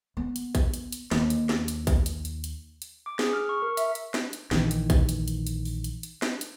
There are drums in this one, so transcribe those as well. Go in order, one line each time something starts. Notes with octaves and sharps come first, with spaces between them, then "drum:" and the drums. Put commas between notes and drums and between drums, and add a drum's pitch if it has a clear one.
B3
drum: hi-hat
drum: kick, hi-hat
drum: hi-hat
drum: hi-hat
D#2, drum: snare
drum: hi-hat
drum: snare
drum: hi-hat
drum: kick, hi-hat
drum: hi-hat
drum: hi-hat
drum: hi-hat
drum: hi-hat
D6
G#4, drum: snare
F6
C#6
A#4
E5, drum: hi-hat
drum: hi-hat
drum: snare
drum: hi-hat
A#1 D#3 E3, drum: snare
drum: hi-hat
drum: kick, hi-hat
drum: hi-hat
drum: hi-hat
drum: hi-hat
drum: open hi-hat
drum: hi-hat
drum: hi-hat
drum: snare
drum: hi-hat